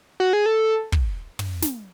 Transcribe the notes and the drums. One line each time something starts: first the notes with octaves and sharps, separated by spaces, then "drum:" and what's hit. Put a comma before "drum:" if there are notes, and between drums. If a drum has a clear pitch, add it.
F#4
G#4
A4
drum: kick
drum: tom
drum: snare